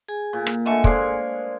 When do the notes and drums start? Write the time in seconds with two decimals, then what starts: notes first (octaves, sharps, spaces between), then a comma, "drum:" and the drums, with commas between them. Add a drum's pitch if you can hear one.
0.08 G#4 G#5
0.33 A#2
0.47 drum: rim click
0.66 D3 A3 D#5 E5 G#5 C#6
0.84 G#3 A#3 C5 D5 G#5, drum: kick